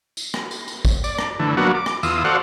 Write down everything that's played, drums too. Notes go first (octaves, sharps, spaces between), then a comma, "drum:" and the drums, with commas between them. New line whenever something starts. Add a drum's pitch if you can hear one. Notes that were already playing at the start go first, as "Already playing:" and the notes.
drum: tambourine
drum: rim click
drum: tambourine
drum: tambourine
drum: kick, tambourine
D5, drum: tambourine
drum: rim click
D3 E3 A3
F#3 A#3 B3 D4 F#4
D6
drum: rim click
E2 F4 D#6 E6, drum: tambourine
F#4 A4 C5 D5 F5 F#5